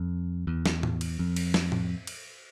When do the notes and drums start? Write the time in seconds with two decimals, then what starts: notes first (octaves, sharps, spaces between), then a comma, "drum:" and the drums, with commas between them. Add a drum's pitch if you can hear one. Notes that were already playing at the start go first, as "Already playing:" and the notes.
Already playing: F2
0.47 E2
0.66 drum: snare
0.83 drum: tom A2
1.01 drum: cymbal
1.19 F2
1.36 drum: cymbal
1.54 drum: snare
1.72 drum: tom A2
2.07 drum: cymbal